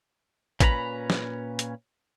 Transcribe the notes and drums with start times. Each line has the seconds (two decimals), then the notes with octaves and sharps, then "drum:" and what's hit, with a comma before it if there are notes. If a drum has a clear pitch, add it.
0.60 A#2 C#4 B4 C#5 A#5 B5, drum: kick, hi-hat
1.10 drum: snare
1.59 drum: hi-hat